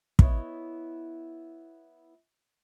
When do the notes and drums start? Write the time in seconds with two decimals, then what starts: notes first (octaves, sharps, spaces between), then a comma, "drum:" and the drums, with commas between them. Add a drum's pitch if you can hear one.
0.19 B3 E4 C#5 D#5, drum: kick